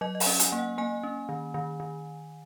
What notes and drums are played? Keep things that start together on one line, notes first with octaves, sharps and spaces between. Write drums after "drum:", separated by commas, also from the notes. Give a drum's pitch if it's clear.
F#3 D#5
D#5
F#5, drum: open hi-hat
C#4
G#5, drum: hi-hat
A#3
F#5
A#3 G#5
C#4
D#3
D#3
D#3